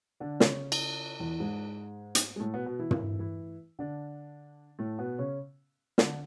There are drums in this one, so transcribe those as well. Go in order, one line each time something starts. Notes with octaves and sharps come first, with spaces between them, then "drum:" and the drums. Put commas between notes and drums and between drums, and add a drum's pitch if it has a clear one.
D3 D4
C#3 C#4, drum: snare
drum: cymbal
E2 E3
G#2 G#3
drum: hi-hat
G#3
A2 A3
B2 B3
B2 B3
E3 E4
drum: tom
E3 E4
D3 D4
A2 A3
B2 B3
C#3 C#4
D3 D4, drum: snare